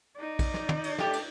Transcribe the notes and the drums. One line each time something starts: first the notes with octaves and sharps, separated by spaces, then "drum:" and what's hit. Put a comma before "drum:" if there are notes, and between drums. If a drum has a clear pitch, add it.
D#4 D5
drum: kick, cymbal
drum: snare
drum: tom
drum: cymbal
A3 G4, drum: snare
drum: cymbal